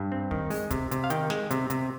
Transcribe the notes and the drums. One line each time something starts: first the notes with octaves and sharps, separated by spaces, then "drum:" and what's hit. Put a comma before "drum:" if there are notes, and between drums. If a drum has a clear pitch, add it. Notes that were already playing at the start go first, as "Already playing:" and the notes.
Already playing: G2
C4
D#3, drum: kick
G#3, drum: open hi-hat
C3, drum: kick, hi-hat
C3, drum: hi-hat
F5
D#3 G5, drum: hi-hat
G#3, drum: snare
C3, drum: hi-hat
C3, drum: hi-hat